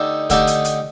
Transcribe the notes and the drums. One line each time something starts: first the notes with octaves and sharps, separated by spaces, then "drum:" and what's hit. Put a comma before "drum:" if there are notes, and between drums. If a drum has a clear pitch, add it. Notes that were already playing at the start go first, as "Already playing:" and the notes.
Already playing: D3 A3 D#4 G4 D5
D3 A3 D#4 G4 D5, drum: kick, hi-hat
drum: hi-hat
drum: hi-hat